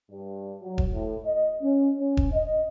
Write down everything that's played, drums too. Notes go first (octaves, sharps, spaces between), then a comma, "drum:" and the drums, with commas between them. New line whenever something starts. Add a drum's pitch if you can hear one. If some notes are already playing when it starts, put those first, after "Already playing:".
G2
F#3
drum: kick E1
A2
D#5
C#4
C#4
drum: kick E1
D#5